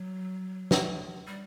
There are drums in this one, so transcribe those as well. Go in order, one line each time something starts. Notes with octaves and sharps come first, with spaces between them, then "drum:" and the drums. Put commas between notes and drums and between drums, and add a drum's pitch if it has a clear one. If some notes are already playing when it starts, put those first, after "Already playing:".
Already playing: F#3
drum: snare
G3